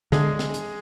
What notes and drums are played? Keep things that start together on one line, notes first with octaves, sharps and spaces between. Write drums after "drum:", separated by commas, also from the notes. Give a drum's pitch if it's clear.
D3 G#3 G#4, drum: snare
drum: snare
drum: hi-hat